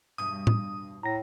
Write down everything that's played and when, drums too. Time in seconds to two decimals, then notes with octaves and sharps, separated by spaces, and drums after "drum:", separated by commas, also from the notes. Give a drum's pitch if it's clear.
0.18 E2 G2 B2 D#6
0.47 drum: tom A2
1.03 A2 A#5 A#6